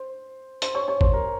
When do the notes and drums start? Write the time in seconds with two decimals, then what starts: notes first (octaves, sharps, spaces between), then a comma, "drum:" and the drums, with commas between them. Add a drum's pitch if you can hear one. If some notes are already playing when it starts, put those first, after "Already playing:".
Already playing: C5 C6
0.62 C5 C6, drum: hi-hat
0.75 C#5 C#6
0.88 C#5 C#6
1.01 C5 C6, drum: kick
1.13 A#4 A#5